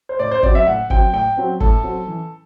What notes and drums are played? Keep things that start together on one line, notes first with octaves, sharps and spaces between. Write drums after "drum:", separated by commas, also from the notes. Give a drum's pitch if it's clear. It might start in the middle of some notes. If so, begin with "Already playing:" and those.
C5
A2 D5
C5
F#3 C4 D5, drum: kick
E5
A2 F#5
F#3 C4 G5, drum: kick
A2 G5
F#3 C4
A2 A4, drum: kick
F#3 C4
E3